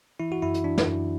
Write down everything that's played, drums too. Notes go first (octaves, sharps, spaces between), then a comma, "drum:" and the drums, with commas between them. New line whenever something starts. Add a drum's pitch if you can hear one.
E3 E4
F#4
F#2 E4
drum: hi-hat
E3 D4
drum: snare
F#2